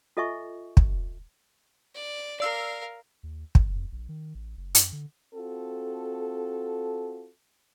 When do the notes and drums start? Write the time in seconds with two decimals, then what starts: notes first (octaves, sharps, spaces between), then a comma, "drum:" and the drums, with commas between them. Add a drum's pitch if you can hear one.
0.17 F4 A4 D#5 E5 G#5 C#6
0.77 drum: kick
1.94 D5
2.40 A#4 D5 F5 E6 C7
3.23 D#2
3.55 F#1, drum: kick
3.75 F2
3.92 A#1
4.09 D#3
4.35 A1
4.57 F#1
4.75 F#2, drum: hi-hat
4.92 D3
5.34 C4 F4 F#4 A4